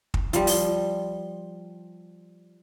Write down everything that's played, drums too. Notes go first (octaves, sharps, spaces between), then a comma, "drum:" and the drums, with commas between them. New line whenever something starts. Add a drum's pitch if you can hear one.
drum: kick
F3 G3, drum: hi-hat
drum: open hi-hat